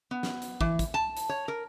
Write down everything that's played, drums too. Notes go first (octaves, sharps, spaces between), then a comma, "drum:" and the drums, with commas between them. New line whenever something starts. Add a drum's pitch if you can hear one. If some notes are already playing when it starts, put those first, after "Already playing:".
B3
drum: snare
drum: hi-hat
E3, drum: kick
drum: kick, hi-hat
A5
drum: hi-hat
C#5
A#4